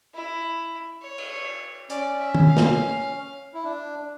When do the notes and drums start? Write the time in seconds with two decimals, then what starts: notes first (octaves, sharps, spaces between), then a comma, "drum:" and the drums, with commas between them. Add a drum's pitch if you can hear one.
0.14 E4
1.02 C#5
1.18 drum: cymbal
1.90 C#4 D5, drum: hi-hat
2.19 E5
2.34 drum: tom D#3
2.48 F5
2.57 drum: snare
3.54 E4
3.64 D4